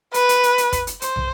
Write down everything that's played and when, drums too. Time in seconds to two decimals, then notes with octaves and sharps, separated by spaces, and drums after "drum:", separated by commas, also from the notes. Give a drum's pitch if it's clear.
0.14 B4, drum: hi-hat
0.29 drum: hi-hat
0.43 drum: hi-hat
0.58 drum: hi-hat
0.72 drum: kick, hi-hat
0.87 drum: hi-hat
1.02 C5, drum: hi-hat
1.16 drum: tom